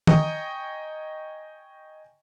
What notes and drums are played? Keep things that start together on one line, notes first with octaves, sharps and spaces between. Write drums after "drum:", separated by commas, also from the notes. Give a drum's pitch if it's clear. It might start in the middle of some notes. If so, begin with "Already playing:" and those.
D#5 G5 G#5 A#5 C#6 D#6, drum: tom D#3